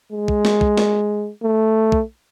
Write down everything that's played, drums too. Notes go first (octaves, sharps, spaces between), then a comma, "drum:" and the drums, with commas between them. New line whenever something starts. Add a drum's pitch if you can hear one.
G#3
drum: kick
drum: snare
drum: kick
drum: snare
A3
drum: kick